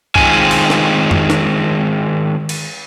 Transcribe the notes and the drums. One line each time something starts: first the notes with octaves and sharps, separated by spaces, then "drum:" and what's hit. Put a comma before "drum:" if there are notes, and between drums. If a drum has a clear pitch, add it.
D#3 G#3 C4 F4 G#5, drum: kick B1
drum: cymbal
drum: snare
drum: tom F2
drum: snare
drum: cymbal